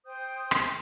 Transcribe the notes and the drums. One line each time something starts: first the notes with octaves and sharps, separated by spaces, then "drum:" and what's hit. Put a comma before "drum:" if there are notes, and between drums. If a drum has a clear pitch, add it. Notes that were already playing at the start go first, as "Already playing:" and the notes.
C5 G5 D#6 G6
drum: rim click